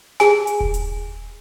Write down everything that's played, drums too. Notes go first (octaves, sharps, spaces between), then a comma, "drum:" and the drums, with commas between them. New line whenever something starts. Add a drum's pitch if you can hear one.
G#4 G#5, drum: snare
drum: hi-hat
drum: kick D#1
drum: hi-hat